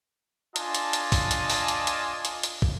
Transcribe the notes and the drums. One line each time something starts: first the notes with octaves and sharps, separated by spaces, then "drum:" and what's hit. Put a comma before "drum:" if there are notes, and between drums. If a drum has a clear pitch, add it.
D4 F4 A4 D#5 G#5 A5, drum: hi-hat
drum: hi-hat
drum: hi-hat
drum: kick, open hi-hat
drum: hi-hat
drum: open hi-hat
drum: hi-hat
drum: hi-hat
drum: hi-hat
drum: hi-hat
drum: kick